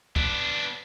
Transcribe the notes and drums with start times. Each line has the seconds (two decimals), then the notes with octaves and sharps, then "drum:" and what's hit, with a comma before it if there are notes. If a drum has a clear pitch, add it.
0.16 B3 D4, drum: kick